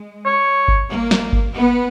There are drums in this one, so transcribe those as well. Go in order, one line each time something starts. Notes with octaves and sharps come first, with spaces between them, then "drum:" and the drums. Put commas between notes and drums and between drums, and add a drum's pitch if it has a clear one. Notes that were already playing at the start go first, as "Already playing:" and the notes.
Already playing: G#3
C#5
drum: kick G1
A#3
drum: snare
drum: kick G1
B3